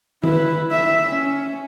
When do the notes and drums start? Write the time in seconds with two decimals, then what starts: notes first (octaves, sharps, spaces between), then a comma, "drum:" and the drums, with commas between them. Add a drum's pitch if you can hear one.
0.24 E4 B4, drum: tom D#3
0.71 E5
1.09 C#4